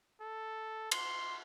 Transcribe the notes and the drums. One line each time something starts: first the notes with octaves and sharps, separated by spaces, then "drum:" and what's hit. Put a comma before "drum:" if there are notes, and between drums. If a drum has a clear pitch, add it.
A4
C6, drum: cymbal